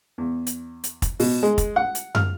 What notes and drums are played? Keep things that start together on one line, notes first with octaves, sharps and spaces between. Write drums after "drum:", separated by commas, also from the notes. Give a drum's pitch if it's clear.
E2
drum: hi-hat
drum: hi-hat
drum: kick, hi-hat
B2, drum: open hi-hat
G#3
drum: kick, hi-hat
F#5
drum: hi-hat
F6, drum: tom F#2